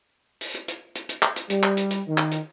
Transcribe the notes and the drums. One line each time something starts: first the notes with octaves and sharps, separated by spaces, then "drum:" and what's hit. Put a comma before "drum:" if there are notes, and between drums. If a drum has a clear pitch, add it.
drum: open hi-hat
drum: hi-hat
drum: hi-hat
drum: hi-hat
drum: hi-hat
drum: clap
drum: hi-hat
G3, drum: hi-hat
drum: clap
drum: hi-hat
drum: hi-hat
D#3
drum: clap
drum: hi-hat